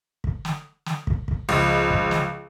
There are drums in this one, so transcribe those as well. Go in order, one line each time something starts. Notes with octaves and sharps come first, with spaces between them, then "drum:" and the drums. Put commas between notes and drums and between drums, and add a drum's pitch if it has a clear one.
drum: kick
drum: snare
drum: snare
drum: kick
drum: kick
C#2 F3
drum: kick
drum: snare